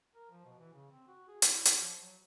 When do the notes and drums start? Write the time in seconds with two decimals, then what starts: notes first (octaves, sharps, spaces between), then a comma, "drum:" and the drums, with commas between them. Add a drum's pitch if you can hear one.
0.15 A#4
0.31 F3
0.45 B2
0.59 E3
0.74 C#3
0.91 C4
1.07 F#4
1.28 G#4
1.42 E4, drum: hi-hat
1.65 drum: hi-hat
1.80 F3
2.01 F#3